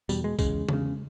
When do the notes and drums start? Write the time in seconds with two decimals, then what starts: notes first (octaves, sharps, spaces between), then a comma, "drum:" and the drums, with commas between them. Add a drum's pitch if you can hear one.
0.09 E2 B2 G3, drum: tambourine
0.24 G#3
0.39 E2 C#3 G#3, drum: kick, tambourine
0.69 E2 C#3, drum: tom C#3